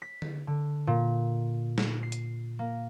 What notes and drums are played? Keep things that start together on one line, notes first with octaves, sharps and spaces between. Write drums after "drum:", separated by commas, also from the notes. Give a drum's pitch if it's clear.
B6
drum: tom D3
D3
A#2
drum: snare
C7
drum: hi-hat
A#3